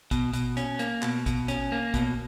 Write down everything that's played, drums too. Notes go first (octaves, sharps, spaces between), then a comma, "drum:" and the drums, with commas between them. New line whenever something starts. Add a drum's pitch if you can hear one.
B2, drum: kick, hi-hat
B2, drum: hi-hat
C#4, drum: hi-hat
A#3, drum: hi-hat
B2, drum: clap
B2, drum: kick, hi-hat
C#4, drum: hi-hat
A#3
B2, drum: kick, hi-hat